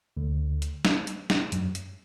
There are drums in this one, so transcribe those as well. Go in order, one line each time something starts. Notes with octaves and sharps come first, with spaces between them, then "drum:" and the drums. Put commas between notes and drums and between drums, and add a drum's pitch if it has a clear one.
D2 D3
drum: hi-hat
drum: snare
drum: hi-hat
drum: snare
F#2 F#3, drum: hi-hat
drum: hi-hat